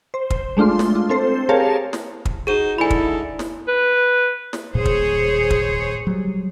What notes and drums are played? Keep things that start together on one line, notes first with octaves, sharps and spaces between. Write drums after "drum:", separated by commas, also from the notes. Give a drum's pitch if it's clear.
C5
drum: kick
G#3 A3 D4 F4 C6
drum: snare
F4
C4 A4 C5
G4 G#4 A#4 C#5 F5 A5
drum: snare
drum: kick
D#4 F#4 G#4 C5 D#7
G#2 D3 E4 A4 G#5 B5
drum: kick
drum: snare
B4
drum: snare
D#1 A#2 G#4 C5 C#5
drum: kick
drum: kick
F#3 G3